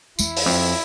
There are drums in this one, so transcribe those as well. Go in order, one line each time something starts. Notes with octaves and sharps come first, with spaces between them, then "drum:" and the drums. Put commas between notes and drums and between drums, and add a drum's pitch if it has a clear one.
E2 E4, drum: tambourine
drum: open hi-hat
F2